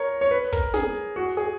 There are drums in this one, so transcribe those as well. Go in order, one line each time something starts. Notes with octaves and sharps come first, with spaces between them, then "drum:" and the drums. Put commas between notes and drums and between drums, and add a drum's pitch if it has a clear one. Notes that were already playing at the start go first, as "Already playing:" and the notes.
Already playing: A#4 C#5
C#5
B4
A#4, drum: kick, hi-hat
G#4, drum: snare
drum: hi-hat
F#4
G#4, drum: hi-hat